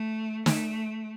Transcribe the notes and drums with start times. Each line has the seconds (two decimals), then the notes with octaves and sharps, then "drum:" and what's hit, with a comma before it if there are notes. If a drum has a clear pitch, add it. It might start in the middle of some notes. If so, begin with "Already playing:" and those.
Already playing: A3
0.46 A3, drum: snare